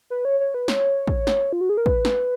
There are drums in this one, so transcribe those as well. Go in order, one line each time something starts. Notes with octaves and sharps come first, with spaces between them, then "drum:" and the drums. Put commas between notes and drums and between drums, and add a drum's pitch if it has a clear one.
B4
C#5
C#5
B4
C#5, drum: snare
drum: kick
drum: snare
F4
F#4
G#4
A#4
B4, drum: kick
drum: snare